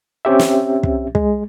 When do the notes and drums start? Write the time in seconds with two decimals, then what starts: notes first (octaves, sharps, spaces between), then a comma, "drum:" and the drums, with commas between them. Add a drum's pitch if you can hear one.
0.25 C4 C#4 G4 E5
0.39 drum: snare
0.83 drum: kick
1.15 G#3, drum: kick